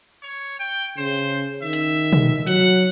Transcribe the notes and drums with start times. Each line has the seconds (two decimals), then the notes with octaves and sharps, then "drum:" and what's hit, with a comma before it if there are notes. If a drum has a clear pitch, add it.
0.22 C#5
0.59 G5
0.98 C#3 C5
1.62 D#3 E5
1.73 drum: hi-hat
2.13 drum: tom
2.47 F#3 F#5, drum: hi-hat